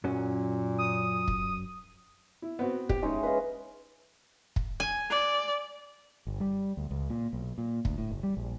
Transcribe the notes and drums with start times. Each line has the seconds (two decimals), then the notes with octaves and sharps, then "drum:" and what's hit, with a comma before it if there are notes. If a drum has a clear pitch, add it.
0.04 F#2 A#2 F#3 C#4
0.79 D#6
1.28 drum: kick
2.42 E4
2.59 B3 C4 F#4
2.89 G4, drum: kick
3.03 G#3 C#4 D#4 E4 C#5
3.23 B4 D#5 F5
4.56 drum: kick
4.80 G#5
5.10 D5
6.27 G1
6.40 G3
6.77 D2
6.91 C#2
7.10 A#2
7.33 B1
7.58 A#2
7.85 D2, drum: kick
7.98 A2
8.11 F#1
8.23 G3
8.37 A#1